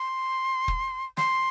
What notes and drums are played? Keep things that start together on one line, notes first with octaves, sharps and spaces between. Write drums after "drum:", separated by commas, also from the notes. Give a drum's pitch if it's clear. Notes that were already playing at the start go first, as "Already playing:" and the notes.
Already playing: C6
drum: kick
C6, drum: snare